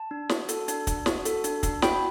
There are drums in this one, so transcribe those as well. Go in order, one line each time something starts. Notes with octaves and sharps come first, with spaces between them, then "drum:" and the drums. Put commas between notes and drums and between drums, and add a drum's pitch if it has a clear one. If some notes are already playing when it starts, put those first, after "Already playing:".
Already playing: A5
D4
F#4, drum: snare
A4, drum: hi-hat
D4, drum: hi-hat
D4, drum: kick, hi-hat
F#4, drum: snare
A4, drum: hi-hat
D4, drum: hi-hat
D4, drum: kick, hi-hat
F#4 G5 B5, drum: snare